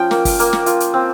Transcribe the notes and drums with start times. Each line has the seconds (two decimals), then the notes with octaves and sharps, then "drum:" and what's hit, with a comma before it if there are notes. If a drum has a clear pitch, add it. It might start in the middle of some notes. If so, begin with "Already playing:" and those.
Already playing: F3 C#4 F4 G5
0.11 A#3, drum: snare
0.25 drum: kick, open hi-hat
0.39 A#3, drum: hi-hat
0.53 drum: snare
0.66 F4, drum: hi-hat
0.80 drum: hi-hat
0.94 C4